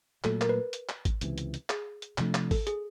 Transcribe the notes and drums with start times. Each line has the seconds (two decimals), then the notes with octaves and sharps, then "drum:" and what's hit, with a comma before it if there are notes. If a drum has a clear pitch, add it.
0.24 A#2 F#3 A3 A4, drum: clap
0.41 A#4, drum: clap
0.49 B4
0.73 drum: hi-hat
0.89 drum: clap
1.05 drum: kick G#1, hi-hat
1.21 C#2 C3 E3, drum: hi-hat
1.38 drum: hi-hat
1.54 drum: hi-hat
1.70 G#4, drum: clap
2.02 drum: hi-hat
2.18 C3 F3 A3 D4, drum: clap
2.35 drum: clap
2.51 A4, drum: kick G#1, open hi-hat
2.67 G#4, drum: hi-hat